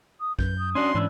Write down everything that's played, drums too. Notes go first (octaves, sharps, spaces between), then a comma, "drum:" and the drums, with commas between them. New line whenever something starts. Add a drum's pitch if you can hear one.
D#6
F#2 B4 G6, drum: kick A#1
D#6
C#4 D4 F#4 C6
G#2 E3 C#4 D4 E6